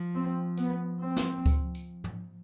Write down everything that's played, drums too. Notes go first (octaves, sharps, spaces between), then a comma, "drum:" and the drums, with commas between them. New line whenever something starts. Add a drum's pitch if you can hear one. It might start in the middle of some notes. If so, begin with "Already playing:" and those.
Already playing: F3
C4
B3, drum: tambourine
C4
drum: snare
drum: kick D2, tambourine
drum: tambourine
drum: tom